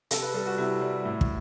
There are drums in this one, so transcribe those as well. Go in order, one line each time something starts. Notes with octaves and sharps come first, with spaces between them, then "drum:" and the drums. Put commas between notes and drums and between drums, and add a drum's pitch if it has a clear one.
C3 A4, drum: hi-hat
B4
G3 A4
F#4
C3 E4
G3
A2
drum: kick